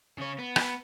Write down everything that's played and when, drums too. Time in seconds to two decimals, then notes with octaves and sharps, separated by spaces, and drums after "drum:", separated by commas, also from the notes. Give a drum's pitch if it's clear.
0.18 C#3 C#5
0.39 B3
0.56 drum: rim click